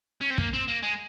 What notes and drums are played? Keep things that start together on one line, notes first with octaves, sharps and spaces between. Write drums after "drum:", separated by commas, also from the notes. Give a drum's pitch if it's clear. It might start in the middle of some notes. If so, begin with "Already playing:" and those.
C#4
C4
A#3, drum: kick
C4
A#3
G#3